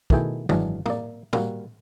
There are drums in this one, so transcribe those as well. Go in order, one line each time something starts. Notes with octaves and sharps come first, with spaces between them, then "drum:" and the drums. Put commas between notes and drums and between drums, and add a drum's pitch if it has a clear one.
B2 D#3 A3 E4 G#4 G5, drum: kick
G#1 E3 F#3 D4 G#4, drum: tom F#2
A#3 D5, drum: tom A2
G3 A#3 F#4, drum: tom A2